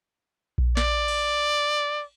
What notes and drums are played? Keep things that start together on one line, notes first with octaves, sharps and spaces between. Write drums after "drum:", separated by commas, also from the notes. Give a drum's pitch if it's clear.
drum: kick A#1
D5, drum: snare
drum: cymbal